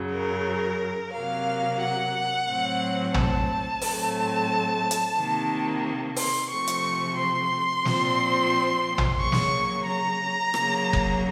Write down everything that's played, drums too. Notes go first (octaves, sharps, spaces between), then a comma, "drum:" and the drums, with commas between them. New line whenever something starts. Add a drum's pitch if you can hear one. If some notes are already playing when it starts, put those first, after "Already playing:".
Already playing: F#2 C#3 F#3
A#4
C3 F#3 A#3 F5
F#5
A2 F#3 C4
A5, drum: tom
A2 F#3 A3 C4, drum: open hi-hat
drum: hi-hat
C3 D#3 A#3
C6, drum: open hi-hat
C3 F3 A3 C4 C#6
drum: hi-hat
C6
A#2 F3 C4, drum: snare
drum: tom
C#3 F#3 A#3 C#6
drum: snare
A#5
C#3 F#3 A#3, drum: rim click
drum: kick F#1